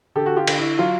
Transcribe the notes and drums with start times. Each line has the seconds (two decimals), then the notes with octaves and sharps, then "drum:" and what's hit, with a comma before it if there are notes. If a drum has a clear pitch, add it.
0.15 D3 G4 A4
0.26 F#4
0.36 F4 G4
0.47 D3, drum: cymbal
0.58 E4
0.79 F#3 F4